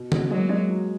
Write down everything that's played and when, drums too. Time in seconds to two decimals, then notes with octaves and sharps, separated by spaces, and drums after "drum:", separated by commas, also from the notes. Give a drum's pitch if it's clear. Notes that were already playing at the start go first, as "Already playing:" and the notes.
Already playing: B2
0.12 B2, drum: tom D3
0.30 F#3 G#3 A#3
0.49 G#3
0.70 F#3